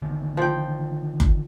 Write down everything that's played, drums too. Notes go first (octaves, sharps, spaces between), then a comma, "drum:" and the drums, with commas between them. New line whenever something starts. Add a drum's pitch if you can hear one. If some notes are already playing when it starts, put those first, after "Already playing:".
D3 D#3 B3
F3 G5
drum: kick F#1